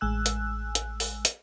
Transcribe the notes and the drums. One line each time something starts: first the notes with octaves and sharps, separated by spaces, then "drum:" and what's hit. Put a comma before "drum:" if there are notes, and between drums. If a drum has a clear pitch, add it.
A1 G#3 G#5 E6 F#6
drum: hi-hat
drum: hi-hat
drum: open hi-hat
drum: hi-hat